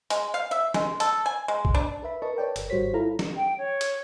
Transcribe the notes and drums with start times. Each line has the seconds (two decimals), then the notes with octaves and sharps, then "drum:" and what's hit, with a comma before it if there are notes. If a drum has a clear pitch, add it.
0.10 G#3, drum: hi-hat
0.34 F5
0.51 E5
0.74 G#3, drum: snare
1.00 A4, drum: hi-hat
1.26 G#5
1.48 G#3
1.65 drum: kick
1.75 D4
2.03 A#4 B4 E5 B5
2.22 A#4 B4 D#5 A5 C#6
2.37 B4 C#5 D5 G5 A5
2.56 G1 A#4, drum: hi-hat
2.70 G#1 G3 F#4 C5 C#5 B6
2.93 E4 F4 A4 F5 A#5 B5
3.19 drum: snare
3.36 G5
3.58 C#5
3.81 drum: hi-hat